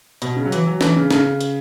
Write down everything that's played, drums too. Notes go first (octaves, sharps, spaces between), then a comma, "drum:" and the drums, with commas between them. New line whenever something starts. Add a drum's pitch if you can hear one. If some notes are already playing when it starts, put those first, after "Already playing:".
B2, drum: hi-hat
C#3
F#3
E3, drum: hi-hat
F#3
E3, drum: snare
C#3
C#3, drum: snare
drum: hi-hat